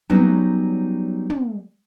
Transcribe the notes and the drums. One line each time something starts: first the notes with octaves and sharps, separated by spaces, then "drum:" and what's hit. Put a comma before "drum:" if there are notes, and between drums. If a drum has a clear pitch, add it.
F#3 G3 B3 C#4 D#4 F#4, drum: tom
drum: tom